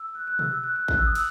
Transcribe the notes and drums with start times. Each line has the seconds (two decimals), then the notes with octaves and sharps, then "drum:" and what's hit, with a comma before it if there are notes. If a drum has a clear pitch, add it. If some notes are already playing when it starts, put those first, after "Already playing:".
Already playing: E6
0.15 F#6
0.27 F#6
0.39 E6, drum: tom B2
0.52 E6
0.64 F#6
0.76 F#6
0.88 F#6, drum: kick A1
0.97 E6
1.06 D#6
1.15 E6, drum: cymbal